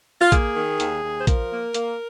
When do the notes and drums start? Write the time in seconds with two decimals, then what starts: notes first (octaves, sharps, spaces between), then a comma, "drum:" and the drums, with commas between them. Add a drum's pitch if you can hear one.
0.21 F4
0.32 A#3 G#4, drum: kick A#1, hi-hat
0.56 D#3
0.80 D#2, drum: hi-hat
1.04 D#2
1.19 C5
1.27 F3 A#4, drum: kick A#1, hi-hat
1.51 A#3
1.74 A#3, drum: hi-hat